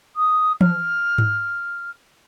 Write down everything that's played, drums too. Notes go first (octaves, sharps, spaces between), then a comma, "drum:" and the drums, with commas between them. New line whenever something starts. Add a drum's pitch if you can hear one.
D#6
F6, drum: tom E3
drum: tom G#2